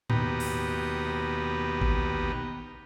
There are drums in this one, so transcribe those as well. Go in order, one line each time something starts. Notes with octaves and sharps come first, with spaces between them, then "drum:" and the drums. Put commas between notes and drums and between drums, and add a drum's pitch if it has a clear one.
D#2 B2 B3 G4 A#5, drum: tom G#2
drum: open hi-hat
drum: kick G#1